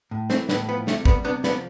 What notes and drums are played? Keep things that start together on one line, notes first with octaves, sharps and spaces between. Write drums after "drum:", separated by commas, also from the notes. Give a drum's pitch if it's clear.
A2
E3 A3 C4, drum: snare
A2 B3, drum: snare
F3 B3
C3 A3, drum: snare
G3 B3, drum: kick
C3 B3 D4
F3 B3 D4, drum: snare